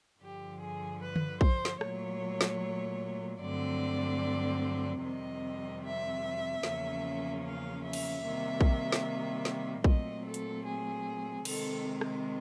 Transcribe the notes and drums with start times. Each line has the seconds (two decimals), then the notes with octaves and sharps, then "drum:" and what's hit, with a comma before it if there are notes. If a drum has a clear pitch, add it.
0.20 G2 D3 F3 G4
0.60 G#4
1.01 B4
1.16 drum: tom D3
1.41 C5, drum: kick A#1
1.65 drum: snare
1.81 A#2 F#3 A3 C#5, drum: rim click
2.41 drum: snare
3.42 G2 D3 F#3 A3 C4 D5
5.02 F2 C3 D#3 G3 C4 D#5
5.83 E5
6.63 E2 C#3 F3 A#3 C#4, drum: snare
7.44 F5
7.84 E5
7.93 drum: cymbal
8.24 C3 D#3 G3 A#3
8.61 drum: kick A#1
8.92 drum: snare
9.45 drum: snare
9.84 A#2 F#3 A3 C4 D#5, drum: kick A#1
10.25 A4
10.34 drum: hi-hat
10.65 G#4
11.45 C3 D#3 G#3 C4 A4, drum: cymbal
12.01 drum: rim click